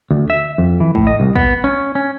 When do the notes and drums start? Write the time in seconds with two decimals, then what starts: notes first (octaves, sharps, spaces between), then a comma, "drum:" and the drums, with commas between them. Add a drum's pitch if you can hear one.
0.11 D2
0.30 E5
0.58 F2
0.80 E3
0.95 A2, drum: kick
1.07 D#5
1.20 C2
1.36 B3, drum: kick
1.64 C#4
1.95 C#4